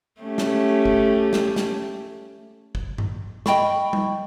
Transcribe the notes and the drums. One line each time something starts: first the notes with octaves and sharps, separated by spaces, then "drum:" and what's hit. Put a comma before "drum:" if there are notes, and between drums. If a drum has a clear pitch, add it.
A3 C#4 G4
drum: snare
drum: kick
drum: snare
drum: snare
drum: kick
drum: tom G2
D#5 G5 B5 C#6, drum: snare
drum: tom G3